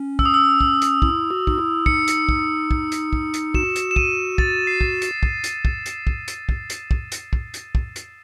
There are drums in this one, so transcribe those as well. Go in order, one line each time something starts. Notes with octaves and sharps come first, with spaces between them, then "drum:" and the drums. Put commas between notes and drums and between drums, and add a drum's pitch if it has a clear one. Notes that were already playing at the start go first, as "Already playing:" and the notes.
Already playing: C#4
E6, drum: kick
D#6
E6
drum: kick
drum: hi-hat
E4, drum: kick
F#4
D#4, drum: kick
E4
D#4 C#7, drum: kick
drum: hi-hat
drum: kick
drum: kick
drum: hi-hat
drum: kick
drum: hi-hat
F#4 E7, drum: kick
drum: hi-hat
E7
D#7, drum: kick
A6, drum: kick
C7
drum: kick
drum: hi-hat
drum: kick
drum: hi-hat
drum: kick
drum: hi-hat
drum: kick
drum: hi-hat
drum: kick
drum: hi-hat
drum: kick
drum: hi-hat
drum: kick
drum: hi-hat
drum: kick
drum: hi-hat